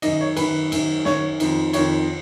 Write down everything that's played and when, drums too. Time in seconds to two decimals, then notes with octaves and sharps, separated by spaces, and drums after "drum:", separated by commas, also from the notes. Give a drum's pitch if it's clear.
0.02 F#2 D#3 D#5, drum: cymbal
0.21 C#5
0.37 F#2 D#3 B4, drum: cymbal
0.72 F#2 D#3, drum: cymbal
1.05 F#2 D#3 C#5, drum: snare
1.40 F2 D#3, drum: cymbal
1.73 F2 D#3 C#5, drum: cymbal